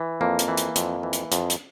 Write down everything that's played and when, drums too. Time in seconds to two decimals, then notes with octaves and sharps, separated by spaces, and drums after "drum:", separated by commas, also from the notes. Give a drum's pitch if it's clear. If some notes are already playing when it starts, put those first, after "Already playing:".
Already playing: E3
0.21 F2 A#3
0.39 drum: hi-hat
0.48 E3
0.57 drum: hi-hat
0.76 F2, drum: hi-hat
1.03 E3
1.13 drum: hi-hat
1.32 F2, drum: hi-hat
1.50 drum: hi-hat